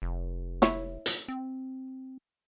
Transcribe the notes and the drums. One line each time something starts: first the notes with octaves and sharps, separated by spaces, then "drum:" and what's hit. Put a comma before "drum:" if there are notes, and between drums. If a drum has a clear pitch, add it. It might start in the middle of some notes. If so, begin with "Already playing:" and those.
F1
E4 C#5, drum: snare
drum: hi-hat
C4